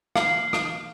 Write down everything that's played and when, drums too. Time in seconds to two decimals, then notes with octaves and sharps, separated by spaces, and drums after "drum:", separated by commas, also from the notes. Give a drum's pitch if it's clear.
0.16 F5, drum: rim click
0.53 drum: rim click